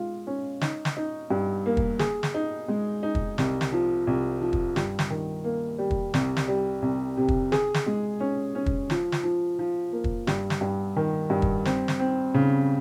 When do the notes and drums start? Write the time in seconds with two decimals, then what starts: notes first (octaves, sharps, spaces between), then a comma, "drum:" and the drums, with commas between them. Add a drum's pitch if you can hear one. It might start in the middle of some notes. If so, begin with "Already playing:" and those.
Already playing: G#3 F4
0.27 C#4
0.61 D#4, drum: snare
0.85 drum: snare
0.97 D#4
1.30 G2
1.66 A#3
1.77 drum: kick
1.99 G#4, drum: snare
2.23 drum: snare
2.34 D#4
2.68 G#3
3.03 D#4
3.15 drum: kick
3.38 C2, drum: snare
3.61 drum: snare
3.72 F3
4.07 C2
4.41 F3
4.53 drum: kick
4.76 G2, drum: snare
4.99 drum: snare
5.10 D#3
5.44 A#3
5.78 G3
5.91 drum: kick
6.14 C2, drum: snare
6.37 drum: snare
6.48 G3
6.82 C2
7.17 C3
7.28 drum: kick
7.52 G#4, drum: snare
7.74 drum: snare
7.86 G#3
8.20 C#4
8.55 C#4
8.66 drum: kick
8.90 F3, drum: snare
9.12 drum: snare
9.23 F3
9.59 F3
9.92 A#3
10.04 drum: kick
10.27 G2, drum: snare
10.50 drum: snare
10.61 G2
10.96 D#3
11.30 G2
11.42 drum: kick
11.65 C4, drum: snare
11.88 drum: snare
11.99 C4
12.34 C#3